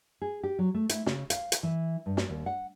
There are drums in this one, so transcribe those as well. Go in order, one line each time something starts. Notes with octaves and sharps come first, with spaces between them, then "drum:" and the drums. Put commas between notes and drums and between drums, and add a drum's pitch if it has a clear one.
G#4
G4
F#3
A3
E4, drum: hi-hat
C#3, drum: snare
F5, drum: hi-hat
drum: hi-hat
E3
G2
drum: snare
D#2
F#5